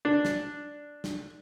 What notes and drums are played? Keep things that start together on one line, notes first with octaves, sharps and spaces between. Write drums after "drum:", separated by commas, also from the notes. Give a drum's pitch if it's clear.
D4
drum: snare
drum: snare